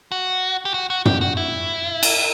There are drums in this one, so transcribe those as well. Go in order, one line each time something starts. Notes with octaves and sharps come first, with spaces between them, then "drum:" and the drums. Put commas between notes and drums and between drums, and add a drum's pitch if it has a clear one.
F#4
G4
F#4
F#4
G4, drum: tom
F#4
E4
drum: cymbal